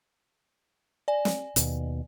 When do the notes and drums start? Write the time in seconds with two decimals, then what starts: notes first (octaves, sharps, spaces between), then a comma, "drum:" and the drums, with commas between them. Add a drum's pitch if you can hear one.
1.08 D5 G#5
1.25 drum: snare
1.56 D#2 B2, drum: hi-hat